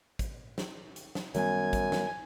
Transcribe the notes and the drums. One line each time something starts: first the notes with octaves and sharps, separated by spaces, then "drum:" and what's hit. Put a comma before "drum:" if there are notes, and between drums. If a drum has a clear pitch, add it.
drum: kick, hi-hat
drum: snare
drum: hi-hat
drum: snare
F#2 D#3 G3 B3 G#5, drum: hi-hat
drum: kick, hi-hat
drum: snare